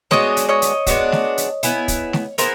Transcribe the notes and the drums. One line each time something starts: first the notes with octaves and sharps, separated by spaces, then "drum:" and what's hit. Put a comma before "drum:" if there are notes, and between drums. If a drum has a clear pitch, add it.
G#3 B3 D4 F#4 C#5 D#5, drum: snare A3
drum: hi-hat
C#5 D#5
drum: hi-hat
G#3 B3 D4 F#4, drum: kick, hi-hat
drum: snare A3
drum: hi-hat
B3 E4 G#4, drum: hi-hat
drum: kick, hi-hat
drum: snare A3
B3 E4 G#4 A#4 C5, drum: hi-hat